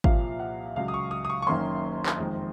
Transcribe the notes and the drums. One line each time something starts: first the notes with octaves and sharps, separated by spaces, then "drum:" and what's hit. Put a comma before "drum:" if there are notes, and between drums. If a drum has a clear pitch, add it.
C2 A#2 F3 F5, drum: kick G#1
F#5
C#2 C#3 F#3 F5
D#6
C#6
D#6
D#6
C#6
C#6
F#1 F#2 D#3 A#3 C#4 C6
drum: clap
F2 D#3 G#3